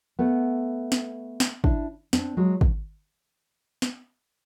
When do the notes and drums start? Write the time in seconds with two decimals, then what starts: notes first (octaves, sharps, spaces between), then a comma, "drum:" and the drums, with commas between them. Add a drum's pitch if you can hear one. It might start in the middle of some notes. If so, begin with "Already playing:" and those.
0.19 A3 B3
0.92 drum: snare
1.40 drum: snare
1.64 D4 E4, drum: kick
2.13 C4 D4, drum: snare
2.37 F#3 G#3
2.61 drum: kick
3.82 drum: snare